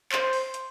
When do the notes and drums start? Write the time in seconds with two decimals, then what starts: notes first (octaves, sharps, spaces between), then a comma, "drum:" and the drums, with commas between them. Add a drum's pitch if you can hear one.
0.12 C5, drum: clap
0.33 drum: open hi-hat
0.54 drum: hi-hat